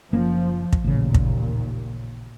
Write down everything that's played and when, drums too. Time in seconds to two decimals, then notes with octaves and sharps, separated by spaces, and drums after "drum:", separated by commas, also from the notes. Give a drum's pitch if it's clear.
0.13 F#1 F3 A#3 C#4
0.73 drum: kick
0.84 A1 D#2 A#2 C#3
1.14 drum: kick